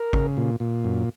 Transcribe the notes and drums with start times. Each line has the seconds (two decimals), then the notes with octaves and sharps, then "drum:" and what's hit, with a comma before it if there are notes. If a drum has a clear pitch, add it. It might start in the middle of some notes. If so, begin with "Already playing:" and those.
Already playing: A#4
0.13 C#3, drum: kick
0.37 A#2
0.60 A#2
0.84 F#2